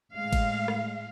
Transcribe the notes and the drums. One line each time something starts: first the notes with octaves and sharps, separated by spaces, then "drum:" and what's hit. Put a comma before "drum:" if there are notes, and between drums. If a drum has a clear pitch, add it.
A2 G#3 F5
drum: kick G#1, cymbal
drum: rim click